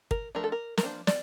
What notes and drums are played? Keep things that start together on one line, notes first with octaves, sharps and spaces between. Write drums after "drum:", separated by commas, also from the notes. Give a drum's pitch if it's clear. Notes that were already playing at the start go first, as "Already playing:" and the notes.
A#4, drum: kick
F3 A3 D4 A#4
A4
A#4
A#4, drum: snare
F3 A#3 D4 C5
D5, drum: snare